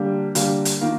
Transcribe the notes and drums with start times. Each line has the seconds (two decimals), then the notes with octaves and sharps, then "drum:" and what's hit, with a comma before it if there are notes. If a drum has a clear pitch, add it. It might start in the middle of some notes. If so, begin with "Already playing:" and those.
Already playing: D3 G3 A#3
0.35 D3 G3 A#3, drum: hi-hat
0.65 drum: hi-hat
0.81 D#3 A#3 F4